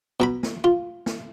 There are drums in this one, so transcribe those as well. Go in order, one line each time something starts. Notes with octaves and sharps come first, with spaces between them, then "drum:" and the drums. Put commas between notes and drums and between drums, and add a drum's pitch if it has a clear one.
B2 A#5 B5
drum: snare
F4
drum: snare